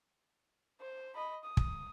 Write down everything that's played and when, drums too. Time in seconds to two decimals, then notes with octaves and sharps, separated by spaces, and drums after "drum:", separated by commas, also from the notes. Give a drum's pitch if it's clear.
0.81 C5
1.15 D#5 B5
1.44 D#6
1.57 drum: kick